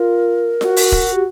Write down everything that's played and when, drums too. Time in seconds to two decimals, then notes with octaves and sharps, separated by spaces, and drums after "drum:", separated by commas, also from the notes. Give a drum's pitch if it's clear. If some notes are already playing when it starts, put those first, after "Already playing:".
Already playing: F4 A#4
0.61 F#4, drum: snare F4
0.76 drum: open hi-hat
0.92 drum: kick D#1
1.13 G4